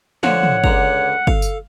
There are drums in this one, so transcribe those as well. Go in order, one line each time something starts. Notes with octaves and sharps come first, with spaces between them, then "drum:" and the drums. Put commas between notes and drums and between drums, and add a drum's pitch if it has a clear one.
D3 F3 C#5 F#5, drum: snare
drum: tom
C#2 D3 A#5, drum: kick
A4 F5, drum: kick
drum: tambourine